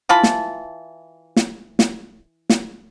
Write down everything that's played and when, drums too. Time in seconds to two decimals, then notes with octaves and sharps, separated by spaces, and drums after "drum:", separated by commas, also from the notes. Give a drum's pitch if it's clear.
0.09 E3 F4 A5 B5
0.23 drum: snare
1.36 drum: snare
1.79 drum: snare
2.50 drum: snare